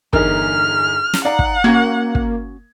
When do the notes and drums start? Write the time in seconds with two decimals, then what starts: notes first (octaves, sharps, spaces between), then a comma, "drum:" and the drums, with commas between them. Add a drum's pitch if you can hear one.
0.13 G1 E2 D#4 A#4 F6, drum: kick
1.14 drum: snare
1.25 D#4 D5 F5 F#5 A#5
1.39 drum: kick
1.64 A#3 C#4 F4 F#4 G#6
2.15 drum: kick